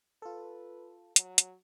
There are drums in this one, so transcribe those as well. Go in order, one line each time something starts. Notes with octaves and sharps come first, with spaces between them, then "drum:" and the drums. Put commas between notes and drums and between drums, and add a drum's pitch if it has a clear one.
F4 A4 B4
F#3, drum: hi-hat
drum: hi-hat